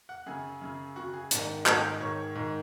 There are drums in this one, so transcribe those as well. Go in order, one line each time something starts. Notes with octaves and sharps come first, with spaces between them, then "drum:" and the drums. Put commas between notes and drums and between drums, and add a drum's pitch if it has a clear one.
F#5
F#2 C#3 G#4
F#2 C#3
F#2 C#3 F#4
G#4
G#2 D#3, drum: hi-hat
G#2 D#3, drum: clap
G#2 D#3 C#5
G#2 D#3